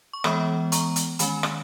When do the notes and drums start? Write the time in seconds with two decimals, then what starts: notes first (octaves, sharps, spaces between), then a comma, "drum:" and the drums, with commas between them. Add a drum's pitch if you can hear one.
0.13 C#6
0.24 E3 G#3 B3 B5 D#6, drum: rim click
0.72 A#5 C#6, drum: hi-hat
0.96 drum: hi-hat
1.19 D#3 G#3 C#4 G#5 B5, drum: hi-hat
1.43 drum: rim click